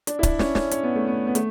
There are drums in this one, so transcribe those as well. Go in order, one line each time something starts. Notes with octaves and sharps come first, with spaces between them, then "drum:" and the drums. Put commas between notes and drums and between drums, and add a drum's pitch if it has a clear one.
D4, drum: hi-hat
E4
D4, drum: kick C#1, hi-hat
C#4, drum: snare
C#4, drum: snare
C#4, drum: hi-hat
B3
A3
B3
B3
A3, drum: hi-hat